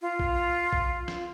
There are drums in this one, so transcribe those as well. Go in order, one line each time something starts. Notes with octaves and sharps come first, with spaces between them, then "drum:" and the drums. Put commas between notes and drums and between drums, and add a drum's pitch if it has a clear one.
F4
drum: kick A#1
drum: kick A#1
drum: snare